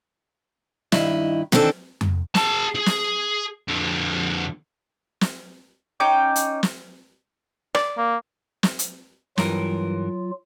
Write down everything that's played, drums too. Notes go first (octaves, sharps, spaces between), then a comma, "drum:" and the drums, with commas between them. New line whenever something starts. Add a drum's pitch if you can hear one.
G2 D#3 E4 D#5, drum: snare
D#3 E3 C4 D4 A4, drum: snare
drum: tom F2
G#4 A5, drum: snare
G#4
drum: snare
F2 D3
drum: snare
C#4 D#4 G5 D6
drum: hi-hat
drum: snare
D5, drum: rim click
A#3
drum: snare
drum: hi-hat
G2 E3 F#3 F4 A#4, drum: snare